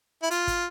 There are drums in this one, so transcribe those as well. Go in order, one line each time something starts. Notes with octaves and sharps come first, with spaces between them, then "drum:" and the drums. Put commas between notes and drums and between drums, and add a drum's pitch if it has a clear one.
E4
F4, drum: hi-hat
drum: kick, hi-hat